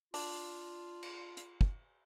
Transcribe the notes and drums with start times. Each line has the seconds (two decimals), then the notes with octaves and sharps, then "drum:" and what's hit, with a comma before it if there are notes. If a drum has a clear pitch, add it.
0.14 D4 F4, drum: open hi-hat
1.03 drum: cymbal
1.37 drum: hi-hat
1.61 drum: kick